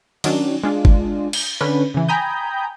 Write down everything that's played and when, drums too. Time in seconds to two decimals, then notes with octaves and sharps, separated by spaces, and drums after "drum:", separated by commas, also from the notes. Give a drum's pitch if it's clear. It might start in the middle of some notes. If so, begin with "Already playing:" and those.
0.24 D#3 F#3 C#4 D4, drum: cymbal
0.64 G#3 D4 F4
0.85 drum: kick G1
1.33 drum: cymbal
1.61 D3 C#4 D4 B4
1.94 C#3 E3
2.09 G5 G#5 A#5 B5 D#6 G6